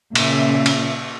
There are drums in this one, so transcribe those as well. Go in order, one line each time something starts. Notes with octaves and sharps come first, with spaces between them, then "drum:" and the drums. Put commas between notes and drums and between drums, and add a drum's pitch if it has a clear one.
A#2 C#3 E5, drum: cymbal
drum: cymbal